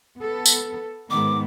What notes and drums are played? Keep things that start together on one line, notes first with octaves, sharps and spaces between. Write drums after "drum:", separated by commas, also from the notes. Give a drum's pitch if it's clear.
B3 A4
drum: tambourine
G#2 D#3 B3 D6